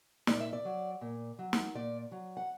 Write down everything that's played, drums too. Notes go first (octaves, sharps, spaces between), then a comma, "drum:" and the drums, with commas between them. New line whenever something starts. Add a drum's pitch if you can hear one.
A#2 D5, drum: snare
E5
D5
F#3
A#2
F#3
drum: snare
A#2 D5
F#3
F#5